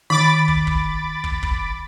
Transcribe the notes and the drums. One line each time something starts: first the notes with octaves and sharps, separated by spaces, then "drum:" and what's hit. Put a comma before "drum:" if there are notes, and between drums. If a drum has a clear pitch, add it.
D#3 B5 D6 A6
drum: kick
drum: kick
drum: kick
drum: kick